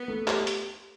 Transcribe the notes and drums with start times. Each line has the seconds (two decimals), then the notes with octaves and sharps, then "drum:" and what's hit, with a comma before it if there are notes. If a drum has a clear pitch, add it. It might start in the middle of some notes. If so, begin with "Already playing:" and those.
Already playing: B3
0.08 A3
0.27 G4, drum: clap
0.47 drum: hi-hat